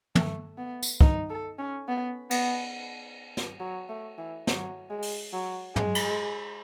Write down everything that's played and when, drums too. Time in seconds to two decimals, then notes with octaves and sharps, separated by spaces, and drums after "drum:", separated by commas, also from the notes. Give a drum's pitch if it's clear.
0.15 A3, drum: tom
0.58 B3
0.83 drum: tambourine
1.01 D#4, drum: kick
1.30 A4
1.58 C#4
1.88 B3
2.30 B3, drum: cymbal
3.37 drum: snare
3.60 F#3
3.89 A3
4.18 E3
4.47 F#3, drum: snare
4.90 G#3
5.02 drum: open hi-hat
5.33 F#3
5.76 G#3, drum: tom
5.95 drum: cymbal